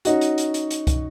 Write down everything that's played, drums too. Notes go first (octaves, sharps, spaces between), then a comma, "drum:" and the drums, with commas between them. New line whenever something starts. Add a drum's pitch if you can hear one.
C#4 D#4 F#4, drum: hi-hat
drum: hi-hat
drum: hi-hat
drum: hi-hat
drum: hi-hat
drum: kick, hi-hat